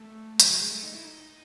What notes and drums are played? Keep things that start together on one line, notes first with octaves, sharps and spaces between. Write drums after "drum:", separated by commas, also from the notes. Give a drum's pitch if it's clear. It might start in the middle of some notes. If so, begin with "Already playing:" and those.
Already playing: A3
F#3, drum: hi-hat
F#3
G#3
A3
D#4
E4
D#4